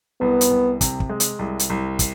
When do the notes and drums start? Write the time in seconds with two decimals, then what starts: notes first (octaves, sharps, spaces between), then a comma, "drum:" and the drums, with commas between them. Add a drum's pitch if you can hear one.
0.21 C2 B3
0.41 drum: hi-hat
0.50 C2
0.81 C3, drum: kick, hi-hat
1.00 drum: kick
1.10 G#3
1.20 drum: hi-hat
1.39 C2
1.59 drum: hi-hat
1.70 C2
1.99 drum: kick, hi-hat